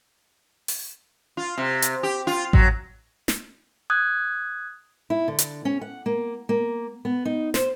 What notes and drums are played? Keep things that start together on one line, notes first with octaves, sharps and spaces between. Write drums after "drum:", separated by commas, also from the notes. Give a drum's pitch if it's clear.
drum: open hi-hat
F4
C3
drum: hi-hat
G4
F4
F#3, drum: kick A1
drum: snare
D#6 F#6 G#6
E4
D3
drum: hi-hat
C#4
F#5
A#3
A#3
B3
D#4
C5, drum: snare